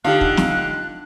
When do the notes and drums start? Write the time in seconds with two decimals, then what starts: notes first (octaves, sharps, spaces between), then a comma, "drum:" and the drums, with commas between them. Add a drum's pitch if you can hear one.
0.05 D3 D#4 F4 G4 F5 F#6
0.21 drum: kick
0.37 drum: snare